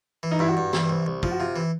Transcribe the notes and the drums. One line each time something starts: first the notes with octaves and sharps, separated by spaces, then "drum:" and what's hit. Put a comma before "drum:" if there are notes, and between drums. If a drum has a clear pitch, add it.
E3
D#4
G2 E4
F#4
G2
E3, drum: snare
C2
C2
F3 F4, drum: kick
F#4
C3 F4
E3